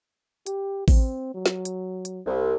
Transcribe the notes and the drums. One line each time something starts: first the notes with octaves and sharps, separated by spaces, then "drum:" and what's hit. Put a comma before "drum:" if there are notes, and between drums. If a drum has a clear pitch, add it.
G4, drum: hi-hat
C4, drum: kick A1, open hi-hat
F#3
drum: snare
drum: hi-hat
drum: hi-hat
C2